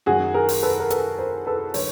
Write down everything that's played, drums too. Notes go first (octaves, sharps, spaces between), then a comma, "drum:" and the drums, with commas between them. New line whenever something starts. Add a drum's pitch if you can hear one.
F#2 D#3 F#3 F#4 G#4
G#4 A#4
drum: open hi-hat
A4 B4
A#4
A4 B4, drum: hi-hat
A#4 C5
A4 B4
D3 F#3 B4 C#5, drum: open hi-hat